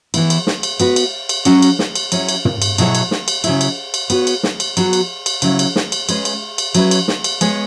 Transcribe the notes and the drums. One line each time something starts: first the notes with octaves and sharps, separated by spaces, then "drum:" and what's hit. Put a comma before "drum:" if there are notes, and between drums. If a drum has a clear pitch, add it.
E3 B3 E4, drum: cymbal
drum: cymbal
drum: snare
drum: cymbal
B3 F#4 B4, drum: cymbal
drum: cymbal
drum: cymbal
F#3 C#4 F#4 C#5, drum: cymbal
drum: cymbal
drum: snare
drum: cymbal
F#3 C#4 E4 C#5, drum: cymbal
drum: cymbal
drum: tom
drum: cymbal
B2 F#3 E4 G#4 C#5, drum: cymbal
drum: cymbal
drum: snare
drum: cymbal
C#3 F#3 E4, drum: cymbal
drum: cymbal
drum: cymbal
B3 F#4 C#5, drum: cymbal
drum: cymbal
drum: snare
drum: cymbal
F#3 B3 F#4, drum: cymbal
drum: cymbal
drum: cymbal
C#3 F#3 E4, drum: cymbal
drum: cymbal
drum: snare
drum: cymbal
G#3 C#4 G#4 B4, drum: cymbal
drum: cymbal
drum: cymbal
F#3 C#4 E4 B4, drum: cymbal
drum: cymbal
drum: snare
drum: cymbal
G#3 B3 G#4 C#5, drum: cymbal